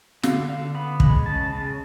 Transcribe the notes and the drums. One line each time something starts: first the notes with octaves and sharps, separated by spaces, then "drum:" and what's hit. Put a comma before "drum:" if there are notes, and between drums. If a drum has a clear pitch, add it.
D3 F5, drum: snare
D3 F5
B3 B5
G#3 B5, drum: kick
C#3 A5
C#3